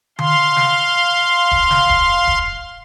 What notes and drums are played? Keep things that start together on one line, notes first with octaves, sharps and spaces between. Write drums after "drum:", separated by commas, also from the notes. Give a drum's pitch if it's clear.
F5 C6, drum: tom D3
drum: snare
drum: kick D#1
drum: snare
drum: kick D#1
drum: kick D#1